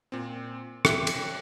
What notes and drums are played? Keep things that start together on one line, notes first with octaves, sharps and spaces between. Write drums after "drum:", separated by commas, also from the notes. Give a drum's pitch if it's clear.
A#2 C4
E5 G5 D6 F#6 C#7, drum: rim click
drum: cymbal